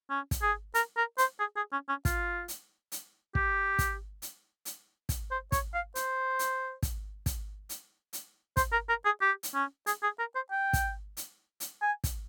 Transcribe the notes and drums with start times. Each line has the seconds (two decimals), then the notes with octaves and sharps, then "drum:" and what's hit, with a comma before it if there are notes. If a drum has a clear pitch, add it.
0.10 C#4
0.31 drum: kick, hi-hat
0.42 G#4
0.74 A#4, drum: hi-hat
0.97 A#4
1.18 C5, drum: hi-hat
1.40 G#4
1.56 G#4
1.72 C#4
1.89 C#4
2.05 F4, drum: kick, hi-hat
2.48 drum: hi-hat
2.92 drum: hi-hat
3.35 G4, drum: kick
3.79 drum: kick, hi-hat
4.22 drum: hi-hat
4.65 drum: hi-hat
5.09 drum: kick, hi-hat
5.31 C5
5.52 C#5, drum: kick, hi-hat
5.74 F5
5.95 C5, drum: hi-hat
6.39 drum: hi-hat
6.83 drum: kick, hi-hat
7.26 drum: kick, hi-hat
7.69 drum: hi-hat
8.13 drum: hi-hat
8.57 C5, drum: kick, hi-hat
8.72 A#4
8.89 A#4
9.05 G#4
9.21 G4
9.43 drum: hi-hat
9.54 C#4
9.87 G#4, drum: hi-hat
10.03 G#4
10.19 A#4
10.35 C5
10.51 G5
10.73 drum: kick, hi-hat
11.17 drum: hi-hat
11.60 drum: hi-hat
11.82 G#5
12.04 drum: kick, hi-hat